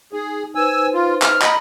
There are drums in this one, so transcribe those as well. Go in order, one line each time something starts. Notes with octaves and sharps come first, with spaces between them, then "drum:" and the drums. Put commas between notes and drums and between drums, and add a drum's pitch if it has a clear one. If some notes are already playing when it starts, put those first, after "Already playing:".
D#4 G#4
D#4 B4 C5 G#5 E6
F4
F6, drum: clap
D#5 G#5 A#5 B5, drum: clap